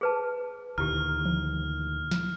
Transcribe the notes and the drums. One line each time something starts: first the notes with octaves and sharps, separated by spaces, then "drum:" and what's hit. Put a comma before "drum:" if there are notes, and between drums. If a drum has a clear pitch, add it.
G#4 B4 A5
D2 A#2 D#3 E4 G4 F6
drum: tom E3
drum: snare